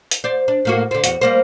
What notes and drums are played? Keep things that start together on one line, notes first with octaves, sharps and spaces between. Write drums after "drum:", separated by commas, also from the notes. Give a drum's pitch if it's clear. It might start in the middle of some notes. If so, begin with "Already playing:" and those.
drum: hi-hat
C5 D5
D4
A2 A#3 F#4
D3 C4
E2 F#4, drum: hi-hat
G3 A#3 C5